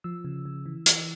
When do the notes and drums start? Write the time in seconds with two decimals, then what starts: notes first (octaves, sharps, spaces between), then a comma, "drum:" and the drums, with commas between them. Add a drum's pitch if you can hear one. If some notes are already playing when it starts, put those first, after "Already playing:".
0.04 F3 E6
0.25 C#3
0.45 C#3
0.66 E3
0.86 E3, drum: hi-hat